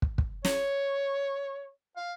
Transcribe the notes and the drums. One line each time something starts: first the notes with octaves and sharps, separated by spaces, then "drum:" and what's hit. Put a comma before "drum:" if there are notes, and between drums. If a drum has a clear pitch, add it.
drum: kick
drum: kick
C#5, drum: snare
F5